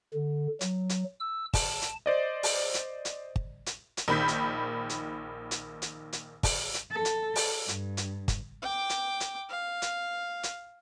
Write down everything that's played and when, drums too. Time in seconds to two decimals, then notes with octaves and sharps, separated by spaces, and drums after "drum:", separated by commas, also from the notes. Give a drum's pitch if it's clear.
0.13 D3
0.61 F#3, drum: hi-hat
0.89 drum: hi-hat
1.20 E6
1.54 A5, drum: kick, open hi-hat
1.82 drum: hi-hat
2.06 C5 D5 D#5
2.43 drum: open hi-hat
2.74 drum: hi-hat
3.05 drum: hi-hat
3.36 drum: kick
3.66 drum: hi-hat
3.97 drum: hi-hat
4.08 A#1 D#3 B5 G6 B6
4.28 drum: hi-hat
4.89 drum: hi-hat
5.51 drum: hi-hat
5.82 drum: hi-hat
6.13 drum: hi-hat
6.43 drum: kick, open hi-hat
6.74 drum: hi-hat
6.92 A4
7.05 drum: hi-hat
7.36 drum: open hi-hat
7.68 G2, drum: hi-hat
7.97 drum: hi-hat
8.28 drum: kick, hi-hat
8.62 G5 D6
8.89 drum: hi-hat
9.20 drum: hi-hat
9.49 F5
9.82 drum: hi-hat
10.43 drum: hi-hat